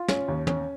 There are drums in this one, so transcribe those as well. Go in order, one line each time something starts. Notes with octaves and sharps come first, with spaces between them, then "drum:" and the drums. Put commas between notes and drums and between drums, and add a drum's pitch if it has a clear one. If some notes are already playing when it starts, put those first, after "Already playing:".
Already playing: F4
C#4, drum: snare
D#2
C#4, drum: tom